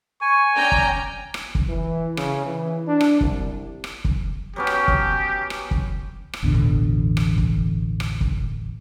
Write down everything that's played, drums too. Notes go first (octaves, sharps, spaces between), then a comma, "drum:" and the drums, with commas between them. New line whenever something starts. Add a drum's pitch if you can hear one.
G#5 C#6
C#4 D5 G5 A#5
drum: kick
drum: rim click
drum: kick
E3
C#3, drum: rim click
E3
D4
drum: rim click
C2, drum: kick
drum: rim click
drum: kick
F#3 B3 C#4 G4
drum: rim click
drum: kick
drum: rim click
drum: kick
drum: rim click
A1 E2 B2 D3
drum: kick
drum: rim click
drum: kick
drum: rim click
drum: kick